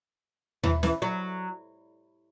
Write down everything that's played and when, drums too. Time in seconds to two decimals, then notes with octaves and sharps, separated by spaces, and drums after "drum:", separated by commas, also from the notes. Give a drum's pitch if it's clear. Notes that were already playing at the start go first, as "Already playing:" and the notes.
0.63 E3, drum: tom D#2
0.83 E3, drum: snare
1.02 F#3